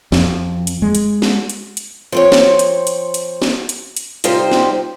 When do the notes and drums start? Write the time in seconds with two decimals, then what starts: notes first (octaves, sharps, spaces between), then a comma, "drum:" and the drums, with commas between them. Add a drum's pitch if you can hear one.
0.12 F2, drum: snare
0.67 drum: hi-hat
0.82 G#3
0.95 drum: hi-hat
1.22 drum: snare
1.49 drum: hi-hat
1.77 drum: hi-hat
2.12 F3 C4 C#5
2.32 drum: snare
2.59 drum: hi-hat
2.87 drum: hi-hat
3.14 drum: hi-hat
3.42 drum: snare
3.69 drum: hi-hat
3.97 drum: hi-hat
4.24 C3 G3 D#4 F4 G4 C5, drum: hi-hat
4.51 drum: snare